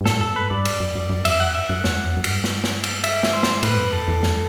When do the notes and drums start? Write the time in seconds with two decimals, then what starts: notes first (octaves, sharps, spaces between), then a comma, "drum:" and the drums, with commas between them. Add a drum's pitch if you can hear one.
0.01 G2
0.06 A2 A4, drum: snare
0.21 F#2 A4
0.36 G2 B4
0.50 G2 D5
0.65 drum: cymbal
0.80 F#2
0.95 F#2
1.09 F#2
1.25 E2 E5, drum: cymbal
1.40 F#2 F#5
1.55 E5
1.69 F#2 F#5
1.84 E2, drum: snare
2.04 F#2
2.17 F#2
2.24 G2, drum: cymbal
2.44 drum: snare
2.64 drum: snare
2.84 drum: cymbal
3.04 E5, drum: cymbal
3.23 drum: snare
3.34 C5
3.43 drum: snare
3.63 A2 B4, drum: cymbal
3.77 F#2
3.92 E2 A4
4.08 E2
4.23 F#2, drum: snare